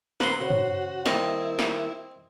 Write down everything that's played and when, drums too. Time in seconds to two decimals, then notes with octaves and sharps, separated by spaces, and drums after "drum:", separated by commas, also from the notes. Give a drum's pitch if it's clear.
0.20 C4 A#4 B4 F#5 C6, drum: snare
0.40 C#3 F#4 C5 C#5
0.50 drum: tom
1.06 D#3 G3 A#3 C4 E4 D#5, drum: snare
1.59 drum: snare